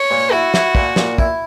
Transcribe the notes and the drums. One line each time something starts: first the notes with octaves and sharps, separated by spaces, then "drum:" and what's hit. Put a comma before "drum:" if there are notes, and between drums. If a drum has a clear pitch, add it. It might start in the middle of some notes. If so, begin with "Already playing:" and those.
Already playing: C#5
A#2
E4 F#4
E4, drum: snare
A#2, drum: kick
A#2, drum: snare
E4, drum: kick